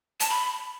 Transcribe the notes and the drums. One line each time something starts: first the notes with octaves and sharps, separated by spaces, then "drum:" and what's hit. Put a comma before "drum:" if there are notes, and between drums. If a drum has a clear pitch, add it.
A5, drum: hi-hat
B5